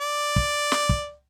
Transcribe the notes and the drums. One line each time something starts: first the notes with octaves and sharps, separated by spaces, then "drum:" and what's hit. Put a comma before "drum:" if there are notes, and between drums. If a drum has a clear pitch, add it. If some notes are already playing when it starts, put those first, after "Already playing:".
D5
drum: kick
drum: snare
drum: kick